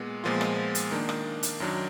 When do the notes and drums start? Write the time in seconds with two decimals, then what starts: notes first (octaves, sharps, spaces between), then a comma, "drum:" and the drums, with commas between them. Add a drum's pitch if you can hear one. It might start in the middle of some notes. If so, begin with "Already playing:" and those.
Already playing: A#2 G#3 B3
0.24 A#2 F3 G#3 B3 F4
0.41 drum: rim click
0.75 drum: hi-hat
0.91 D#3 A#3 D4
1.09 drum: rim click
1.43 drum: hi-hat
1.60 F#2 D#3 F#3 D4